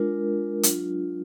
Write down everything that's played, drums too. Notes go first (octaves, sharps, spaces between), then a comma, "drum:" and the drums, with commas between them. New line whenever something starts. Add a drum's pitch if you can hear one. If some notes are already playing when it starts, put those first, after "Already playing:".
Already playing: G#3 D4 F4 A#4
F#3 D4 F4, drum: hi-hat